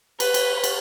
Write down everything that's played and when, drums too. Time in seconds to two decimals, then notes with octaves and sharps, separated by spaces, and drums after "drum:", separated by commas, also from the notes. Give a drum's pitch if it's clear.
0.20 B4, drum: cymbal
0.34 drum: cymbal
0.64 drum: cymbal